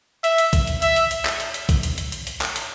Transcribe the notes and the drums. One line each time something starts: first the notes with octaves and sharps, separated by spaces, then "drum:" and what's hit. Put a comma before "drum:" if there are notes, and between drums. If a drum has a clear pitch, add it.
E5, drum: hi-hat
drum: hi-hat
drum: kick, hi-hat
drum: hi-hat
E5, drum: hi-hat
drum: hi-hat
drum: hi-hat
drum: clap
drum: hi-hat
drum: hi-hat
drum: kick, hi-hat
drum: hi-hat
drum: hi-hat
drum: hi-hat
drum: hi-hat
drum: clap
drum: hi-hat